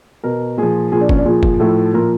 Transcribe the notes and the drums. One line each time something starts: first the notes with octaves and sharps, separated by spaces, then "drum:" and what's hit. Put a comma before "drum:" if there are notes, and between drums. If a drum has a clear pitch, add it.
B2 A#4
A#2 F3 G#4
A#2 F3 G#4
D4
C#4, drum: kick
D4
A#2 F3 G#4
drum: kick
A2 F3 A4
A#2 F3 A#4